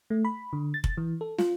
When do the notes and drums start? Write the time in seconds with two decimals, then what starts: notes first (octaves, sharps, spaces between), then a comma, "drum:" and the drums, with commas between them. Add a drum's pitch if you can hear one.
0.10 A3
0.25 B5
0.53 D3
0.74 A6
0.84 drum: kick F1
0.97 E3
1.21 A4
1.38 F4, drum: snare